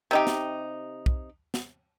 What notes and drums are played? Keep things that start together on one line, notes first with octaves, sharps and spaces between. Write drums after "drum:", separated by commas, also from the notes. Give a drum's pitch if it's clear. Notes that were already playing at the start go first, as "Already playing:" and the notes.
C3 D#4 G4
drum: snare
drum: kick
drum: snare